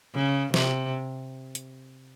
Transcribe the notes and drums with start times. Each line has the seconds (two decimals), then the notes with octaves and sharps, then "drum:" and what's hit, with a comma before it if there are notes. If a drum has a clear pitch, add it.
0.15 C#3
0.54 C3, drum: snare
1.55 drum: hi-hat